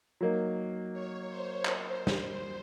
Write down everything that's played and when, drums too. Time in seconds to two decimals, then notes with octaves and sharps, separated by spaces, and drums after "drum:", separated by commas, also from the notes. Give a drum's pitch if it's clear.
0.21 F#3 A#3 D#4
0.93 C#5
1.28 C5
1.65 C5, drum: clap
2.07 drum: snare